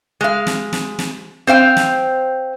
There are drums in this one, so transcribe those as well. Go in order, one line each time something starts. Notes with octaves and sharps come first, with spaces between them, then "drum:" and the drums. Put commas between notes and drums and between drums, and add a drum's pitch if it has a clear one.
G#3 F5
drum: snare
drum: snare
drum: snare
C4 C5 F5 G5
drum: snare